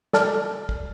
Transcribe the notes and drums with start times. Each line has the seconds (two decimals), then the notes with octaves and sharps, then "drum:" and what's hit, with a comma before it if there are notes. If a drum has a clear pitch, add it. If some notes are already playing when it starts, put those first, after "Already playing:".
0.13 A4 D5 A5 F6, drum: snare
0.69 drum: kick